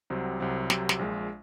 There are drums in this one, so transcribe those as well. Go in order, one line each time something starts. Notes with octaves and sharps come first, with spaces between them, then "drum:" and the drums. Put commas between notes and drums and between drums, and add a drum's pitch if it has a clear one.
C2 C3 F#3 C4
C2 C3 F#3 C4
C2 C3 F#3 C4, drum: snare
drum: snare
A#1 A#2 G#3